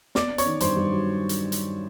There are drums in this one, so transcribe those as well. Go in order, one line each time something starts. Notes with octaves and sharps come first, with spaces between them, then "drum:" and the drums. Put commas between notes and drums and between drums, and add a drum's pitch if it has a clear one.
B3 D5 D6, drum: snare
B3
C#5 C#6, drum: hi-hat
D#3
G2 C5 C6, drum: hi-hat
G2
F#3
drum: hi-hat
drum: hi-hat